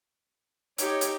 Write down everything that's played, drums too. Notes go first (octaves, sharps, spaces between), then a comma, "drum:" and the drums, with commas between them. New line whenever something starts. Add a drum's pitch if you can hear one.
D#4 G4 C#5, drum: hi-hat
drum: hi-hat